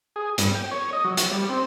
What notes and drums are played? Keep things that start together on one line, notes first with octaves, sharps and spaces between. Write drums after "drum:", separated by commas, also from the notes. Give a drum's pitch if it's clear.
G#4
G2, drum: hi-hat
G5
C#5
D#5
F#3
F#3, drum: hi-hat
G3
C4